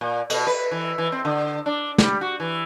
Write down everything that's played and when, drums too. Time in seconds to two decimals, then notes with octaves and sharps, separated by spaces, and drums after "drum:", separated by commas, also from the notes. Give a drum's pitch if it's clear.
0.01 A#2
0.30 B2, drum: cymbal
0.47 B4
0.71 E3
0.98 E3
1.12 C4
1.25 D3
1.66 D4
1.98 G3, drum: snare
2.21 F#4
2.40 E3